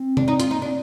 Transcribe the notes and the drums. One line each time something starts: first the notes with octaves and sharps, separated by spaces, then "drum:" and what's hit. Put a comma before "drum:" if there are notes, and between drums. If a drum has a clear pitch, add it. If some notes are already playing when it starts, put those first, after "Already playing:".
Already playing: C4
D4, drum: tom C3
D#4
F4, drum: hi-hat
A#3 D#4
C4 D4